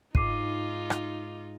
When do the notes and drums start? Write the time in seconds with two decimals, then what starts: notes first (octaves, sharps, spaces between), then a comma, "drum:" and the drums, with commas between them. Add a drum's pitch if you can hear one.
0.15 G#2 D#4 F4 D6 C7 D#7, drum: kick
0.90 drum: rim click